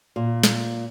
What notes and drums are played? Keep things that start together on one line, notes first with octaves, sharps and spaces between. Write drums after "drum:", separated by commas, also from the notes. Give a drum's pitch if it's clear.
A#2
drum: snare